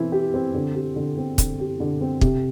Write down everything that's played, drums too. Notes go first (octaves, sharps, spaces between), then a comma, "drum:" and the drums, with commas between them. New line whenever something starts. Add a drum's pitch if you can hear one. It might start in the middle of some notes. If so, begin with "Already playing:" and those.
Already playing: E3 C4 E4
G4
C4
D3
G4
D3
C4
D3, drum: kick, hi-hat
G4
D3
C4
C3, drum: kick